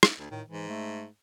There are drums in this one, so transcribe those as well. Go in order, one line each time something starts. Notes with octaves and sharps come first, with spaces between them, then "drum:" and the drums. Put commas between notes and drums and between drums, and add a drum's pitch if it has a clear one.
drum: rim click
D2
A2 D#3
G#2 E3
A3